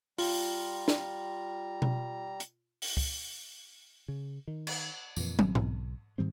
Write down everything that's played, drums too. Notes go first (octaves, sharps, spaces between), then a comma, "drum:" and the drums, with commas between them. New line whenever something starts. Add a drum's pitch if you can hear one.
G3 F4 A#5, drum: open hi-hat
drum: snare
drum: tom B2
drum: hi-hat
drum: open hi-hat
drum: kick C#2
C#3
D#3
drum: cymbal
F2 A#2 E3, drum: tambourine
G#1 B2 F3 C4, drum: tom
B1, drum: tom G#2
G#2 D#3 G3 C4